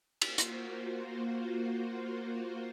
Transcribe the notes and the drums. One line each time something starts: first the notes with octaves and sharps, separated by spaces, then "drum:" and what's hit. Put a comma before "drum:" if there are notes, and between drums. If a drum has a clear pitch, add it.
A#3 F4 F#4 C5, drum: cymbal
drum: hi-hat